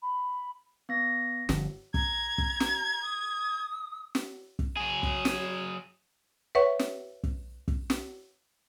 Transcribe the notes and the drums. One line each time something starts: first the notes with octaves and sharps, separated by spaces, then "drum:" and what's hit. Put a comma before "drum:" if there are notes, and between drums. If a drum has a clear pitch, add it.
B5
B3 A#6
G1 F3, drum: snare
A#5 G#6, drum: kick
drum: kick
drum: snare
D#6
drum: snare
drum: kick
F#3 G#4
drum: kick
drum: snare
B4 C#5 E5 F#5 C#6
drum: snare
drum: kick
drum: kick
drum: snare